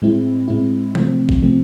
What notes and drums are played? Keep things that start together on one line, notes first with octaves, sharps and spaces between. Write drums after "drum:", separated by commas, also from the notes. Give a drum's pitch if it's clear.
A2 G#3 C4 E4
A2 G#3 C4 E4
C3 F3 A3 C4, drum: tom E3
drum: kick A#1
C3 F3 A3 C4